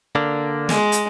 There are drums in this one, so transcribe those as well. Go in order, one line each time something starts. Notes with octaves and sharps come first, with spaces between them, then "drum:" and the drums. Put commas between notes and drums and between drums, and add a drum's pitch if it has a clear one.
D3 A#3 D4
G#3, drum: snare
drum: hi-hat